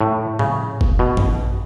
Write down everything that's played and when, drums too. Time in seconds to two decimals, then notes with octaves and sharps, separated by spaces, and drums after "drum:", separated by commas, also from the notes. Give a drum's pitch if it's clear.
0.01 A2
0.39 C#3, drum: tom A2
0.81 drum: kick
0.99 B2
1.17 A1, drum: tom F#2